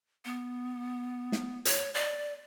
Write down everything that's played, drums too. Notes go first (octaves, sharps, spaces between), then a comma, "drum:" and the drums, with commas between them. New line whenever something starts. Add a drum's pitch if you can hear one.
B3
drum: snare
C#5, drum: hi-hat
D5